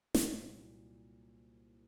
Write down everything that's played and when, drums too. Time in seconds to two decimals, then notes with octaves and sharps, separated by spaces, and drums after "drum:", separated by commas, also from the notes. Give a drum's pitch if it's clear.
0.15 C2 A#2 F#3 A#3 D#4, drum: snare